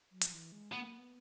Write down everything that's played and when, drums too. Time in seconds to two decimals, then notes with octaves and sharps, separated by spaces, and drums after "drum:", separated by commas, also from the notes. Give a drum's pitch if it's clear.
0.11 F#3
0.21 F3, drum: hi-hat
0.33 E3
0.52 G#3
0.72 A3 B3
0.86 A#3
0.98 B3